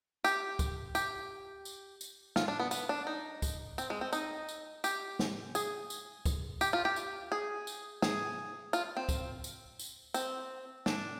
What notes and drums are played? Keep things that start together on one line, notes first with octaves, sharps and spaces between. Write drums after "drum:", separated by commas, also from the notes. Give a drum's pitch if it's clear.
G4, drum: tambourine
drum: kick, tambourine
G4, drum: tambourine
drum: tambourine
drum: tambourine
F4, drum: snare
D4
B3
B3, drum: tambourine
D4
D#4
drum: kick, tambourine
C4, drum: tambourine
G#3
C4
D#4, drum: tambourine
drum: tambourine
G4, drum: tambourine
drum: snare
G#4, drum: tambourine
drum: tambourine
drum: kick, tambourine
G4, drum: tambourine
F4
G4
drum: tambourine
G#4
drum: tambourine
G#4, drum: snare
F4, drum: tambourine
C4
drum: kick, tambourine
drum: tambourine
drum: tambourine
C4, drum: tambourine
D4, drum: snare